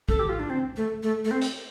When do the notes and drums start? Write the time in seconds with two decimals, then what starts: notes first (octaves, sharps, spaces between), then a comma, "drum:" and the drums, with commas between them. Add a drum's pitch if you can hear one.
0.09 A4, drum: kick A#1
0.19 G4
0.29 F4
0.39 D4
0.50 C4
0.76 A3
1.03 A3
1.25 A3
1.31 C4
1.41 drum: hi-hat